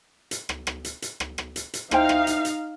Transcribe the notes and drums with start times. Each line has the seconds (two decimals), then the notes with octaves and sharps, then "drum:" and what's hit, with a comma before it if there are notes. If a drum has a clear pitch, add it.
0.31 drum: hi-hat
0.49 drum: rim click
0.67 drum: rim click
0.84 drum: hi-hat
1.02 drum: hi-hat
1.20 drum: rim click
1.38 drum: rim click
1.56 drum: hi-hat
1.74 drum: hi-hat
1.91 D#4 E4 C5 F5 G5, drum: rim click
2.09 drum: rim click
2.27 drum: hi-hat
2.45 drum: hi-hat